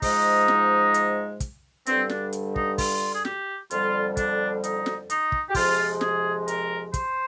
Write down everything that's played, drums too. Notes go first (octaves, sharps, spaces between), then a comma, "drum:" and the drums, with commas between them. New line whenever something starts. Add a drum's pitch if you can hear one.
G#2 F3 G#3 D#4, drum: kick, open hi-hat
drum: snare
drum: hi-hat
drum: kick, hi-hat
G2 D3 G3 C4, drum: hi-hat
D4, drum: snare
drum: hi-hat
D#4, drum: kick
F4, drum: kick, open hi-hat
G#4
G4, drum: snare
F2 D3 G3 F4, drum: hi-hat
D4, drum: kick, hi-hat
D#4, drum: hi-hat
drum: snare
D#4, drum: hi-hat
drum: kick
G4
F2 C3 F3 G#3 F4, drum: kick, open hi-hat
G#4, drum: snare
A#4, drum: hi-hat
C5, drum: kick, hi-hat